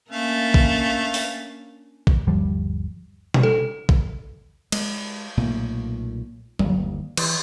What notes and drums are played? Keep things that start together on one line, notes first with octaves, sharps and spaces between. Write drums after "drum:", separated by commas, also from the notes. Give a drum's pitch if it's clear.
A3 A#3 C#4 D4 F5
drum: kick A#1
drum: open hi-hat
drum: kick A#1
G1 D#2 F3 G3
drum: tom B2
A4
drum: kick A#1
G#3, drum: cymbal
B1 A#2 A3
G1 D#2, drum: tom F#3
E3, drum: cymbal